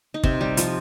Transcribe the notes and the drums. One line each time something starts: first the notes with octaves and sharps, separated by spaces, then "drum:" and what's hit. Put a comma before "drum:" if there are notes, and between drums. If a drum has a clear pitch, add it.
D#4
C3 C4, drum: kick
G3 G4
F3 F4, drum: hi-hat